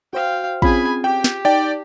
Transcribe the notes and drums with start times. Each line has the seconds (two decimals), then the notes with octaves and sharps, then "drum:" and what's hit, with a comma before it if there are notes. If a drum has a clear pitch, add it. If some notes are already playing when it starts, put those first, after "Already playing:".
0.13 F#4 C5 F5 G5
0.62 C4 C#4 F4 G#4 G#5 B5, drum: kick
1.04 G4 G5
1.24 drum: snare
1.45 D#4 D5 G5 A5 D6